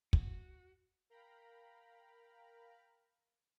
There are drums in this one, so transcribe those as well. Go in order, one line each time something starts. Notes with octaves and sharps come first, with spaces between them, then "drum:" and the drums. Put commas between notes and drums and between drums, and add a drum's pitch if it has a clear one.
F#4, drum: kick
A#4 F5 G5 A#5 B5